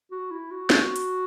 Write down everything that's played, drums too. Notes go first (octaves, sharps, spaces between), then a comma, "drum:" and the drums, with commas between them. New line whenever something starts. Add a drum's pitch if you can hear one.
F#4
E4
F#4
drum: snare
drum: hi-hat